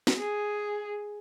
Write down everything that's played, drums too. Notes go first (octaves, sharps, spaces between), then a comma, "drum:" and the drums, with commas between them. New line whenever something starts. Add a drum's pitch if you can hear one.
drum: snare
G#4